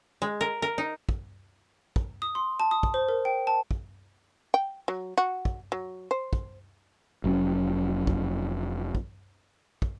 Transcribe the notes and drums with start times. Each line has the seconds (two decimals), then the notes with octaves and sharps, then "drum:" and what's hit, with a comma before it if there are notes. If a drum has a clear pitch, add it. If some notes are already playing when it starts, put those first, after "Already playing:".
0.22 G#3
0.41 A#4
0.62 A#4
0.78 D#4
1.09 drum: kick
1.96 drum: kick
2.22 D#6
2.35 C6
2.60 A5
2.71 D#6
2.83 drum: kick
2.94 C5
3.09 A#4
3.25 G5
3.47 A5
3.71 drum: kick
4.54 G5
4.88 F#3
5.18 F#4
5.45 drum: kick
5.72 F#3
6.11 C5
6.33 drum: kick
7.24 F1 F#3 C4 C#4
8.07 drum: kick
8.95 drum: kick
9.82 drum: kick